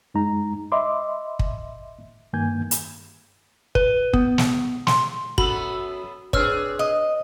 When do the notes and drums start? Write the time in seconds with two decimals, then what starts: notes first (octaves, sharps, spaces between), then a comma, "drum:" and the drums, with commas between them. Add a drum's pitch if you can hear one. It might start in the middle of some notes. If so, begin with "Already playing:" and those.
0.14 F#2 G#3 D#4 A#5
0.72 D#5 E5 B5 C6 D6
1.39 drum: kick
2.33 G2 D#3 A#3 G#5 G6 G#6
2.71 drum: hi-hat
3.75 B4, drum: kick
4.13 B3, drum: kick
4.38 drum: snare
4.87 C6, drum: snare
5.38 F#2 B3 F#4 A4 B5 F#7, drum: kick
6.33 C4 D4 G#4 B4 C#5 E6 F6, drum: kick
6.79 D#5